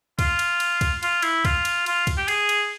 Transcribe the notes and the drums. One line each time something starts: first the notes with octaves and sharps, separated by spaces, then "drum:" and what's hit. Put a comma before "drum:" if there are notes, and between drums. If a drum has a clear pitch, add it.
F4, drum: kick, cymbal
drum: cymbal
drum: cymbal
drum: kick, cymbal
F4, drum: cymbal
E4, drum: cymbal
F4, drum: kick, cymbal
drum: cymbal
F4, drum: cymbal
drum: kick, cymbal
G4
G#4, drum: cymbal
drum: cymbal